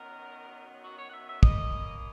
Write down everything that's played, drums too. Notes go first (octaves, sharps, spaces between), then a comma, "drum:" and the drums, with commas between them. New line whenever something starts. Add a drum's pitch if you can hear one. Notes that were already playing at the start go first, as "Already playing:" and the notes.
Already playing: F#2 D#3 F#3 B3 A#4
F#4
C#5
F#5
E5
E5
B2 A#3 C#4 D#5, drum: kick